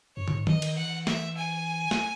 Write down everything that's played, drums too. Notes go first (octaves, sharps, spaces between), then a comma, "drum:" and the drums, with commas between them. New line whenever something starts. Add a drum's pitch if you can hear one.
F#2 C#5
A2, drum: tom
G#2
F#3 D#5, drum: tom D#3
E3
D#3, drum: cymbal
E3 F#5
E5, drum: snare
G#5
drum: snare